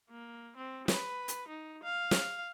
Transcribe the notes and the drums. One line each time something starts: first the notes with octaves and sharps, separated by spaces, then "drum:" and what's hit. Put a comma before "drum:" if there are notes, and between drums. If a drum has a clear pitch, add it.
A#3
C4
B4, drum: snare
drum: hi-hat
D#4
F5
drum: snare